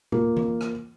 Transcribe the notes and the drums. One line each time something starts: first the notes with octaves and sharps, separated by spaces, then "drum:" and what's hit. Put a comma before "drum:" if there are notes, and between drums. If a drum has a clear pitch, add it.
A#3 F4, drum: tom A#2
drum: tom E3
drum: rim click